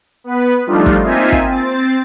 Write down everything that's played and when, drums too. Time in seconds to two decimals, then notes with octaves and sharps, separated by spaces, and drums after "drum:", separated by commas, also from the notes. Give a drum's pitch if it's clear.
0.24 B3 B4
0.67 F3 G3 A3 D4 D#4 F4
0.86 drum: kick
1.04 A#3 C4 D#4 F4 E5 G#5
1.32 drum: kick
1.48 C4 A6